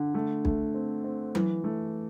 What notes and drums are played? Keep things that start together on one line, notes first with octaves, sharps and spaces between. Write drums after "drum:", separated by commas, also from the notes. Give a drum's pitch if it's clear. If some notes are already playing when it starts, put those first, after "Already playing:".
Already playing: D3
A3
A3, drum: kick B1
C4
C4
E3, drum: tom F#3
A3